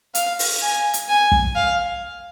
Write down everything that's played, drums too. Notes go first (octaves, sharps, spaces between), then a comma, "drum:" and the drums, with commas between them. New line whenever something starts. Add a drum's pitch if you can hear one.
F5, drum: hi-hat
drum: open hi-hat
G#5
drum: hi-hat
G#5
drum: kick
F5